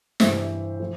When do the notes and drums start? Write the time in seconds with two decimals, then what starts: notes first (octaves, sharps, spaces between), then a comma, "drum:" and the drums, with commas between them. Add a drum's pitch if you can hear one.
0.20 G2 E3 C5 E5, drum: snare
0.80 F3